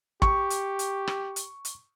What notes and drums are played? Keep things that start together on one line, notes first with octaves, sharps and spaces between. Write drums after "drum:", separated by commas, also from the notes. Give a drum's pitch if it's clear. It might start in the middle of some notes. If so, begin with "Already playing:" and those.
G4 C#6, drum: kick
drum: hi-hat
drum: hi-hat
drum: rim click
drum: hi-hat
drum: hi-hat